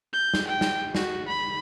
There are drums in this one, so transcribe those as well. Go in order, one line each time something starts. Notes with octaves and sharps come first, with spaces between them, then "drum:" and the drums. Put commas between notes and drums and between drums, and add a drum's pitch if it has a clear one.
G6
drum: snare
G5
drum: snare
F#4, drum: snare
B5